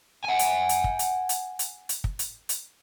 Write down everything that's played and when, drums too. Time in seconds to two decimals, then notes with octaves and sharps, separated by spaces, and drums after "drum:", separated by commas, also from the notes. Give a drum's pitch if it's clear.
0.24 F#5 G#5
0.39 drum: hi-hat
0.69 drum: hi-hat
0.84 drum: kick
0.99 drum: hi-hat
1.29 drum: hi-hat
1.59 drum: hi-hat
1.89 drum: hi-hat
2.04 drum: kick
2.19 drum: hi-hat
2.49 drum: hi-hat